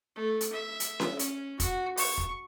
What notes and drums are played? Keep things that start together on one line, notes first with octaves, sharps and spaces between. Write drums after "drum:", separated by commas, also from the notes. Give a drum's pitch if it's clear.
A3
drum: hi-hat
E5
drum: hi-hat
drum: snare C#4
C#4, drum: hi-hat
F#4, drum: kick F1, hi-hat
C#6, drum: open hi-hat
drum: kick F1